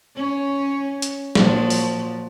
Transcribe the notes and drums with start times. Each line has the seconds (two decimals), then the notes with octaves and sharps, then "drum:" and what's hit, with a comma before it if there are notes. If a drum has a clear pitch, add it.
0.16 C#4 C#5
1.02 drum: hi-hat
1.35 A#2 F3 F#3, drum: snare
1.70 drum: open hi-hat